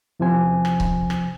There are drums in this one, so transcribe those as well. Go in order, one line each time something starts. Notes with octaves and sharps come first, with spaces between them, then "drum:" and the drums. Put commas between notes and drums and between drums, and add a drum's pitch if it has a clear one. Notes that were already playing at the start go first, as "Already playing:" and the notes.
E2 C3 F3 C5 G#5
drum: rim click
drum: kick C#1
drum: rim click